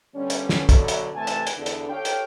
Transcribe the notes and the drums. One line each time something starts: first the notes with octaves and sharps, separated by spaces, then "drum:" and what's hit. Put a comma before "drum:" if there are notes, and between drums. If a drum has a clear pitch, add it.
D3 G3 B3 C#4
drum: hi-hat
drum: snare
B2 D3 F#3, drum: kick, hi-hat
drum: hi-hat
C3 E3 A3 G#5 A5
drum: hi-hat
drum: hi-hat
E2 D3
drum: hi-hat
G4 A4 C#5 F5 G5
drum: hi-hat